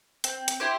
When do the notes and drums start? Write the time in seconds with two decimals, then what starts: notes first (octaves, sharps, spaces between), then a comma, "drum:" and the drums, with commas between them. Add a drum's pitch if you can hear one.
0.24 C4, drum: hi-hat
0.48 drum: hi-hat
0.60 E4 G4 C5